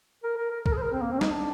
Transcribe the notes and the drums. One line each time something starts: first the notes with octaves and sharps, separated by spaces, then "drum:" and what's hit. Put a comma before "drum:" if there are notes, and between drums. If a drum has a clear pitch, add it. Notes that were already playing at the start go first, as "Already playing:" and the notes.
A#4
A#4
A#4
A#4, drum: kick B1
G#4
C5
A#4
C4
A#3
C4
D#4, drum: snare
D4